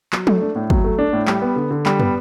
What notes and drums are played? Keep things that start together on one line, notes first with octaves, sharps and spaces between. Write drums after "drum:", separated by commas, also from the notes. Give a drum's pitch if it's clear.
F#3, drum: clap
A3, drum: tom F3
D4
A2
F#3, drum: kick
A3
D4
A2
G3, drum: clap
B3
D3
D3
G3, drum: clap
B3, drum: tom